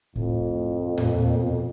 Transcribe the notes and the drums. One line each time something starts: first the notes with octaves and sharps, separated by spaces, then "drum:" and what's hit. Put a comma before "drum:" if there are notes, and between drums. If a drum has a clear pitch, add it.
F2 A2, drum: kick C#2
A#2, drum: tom E2
A#2
B2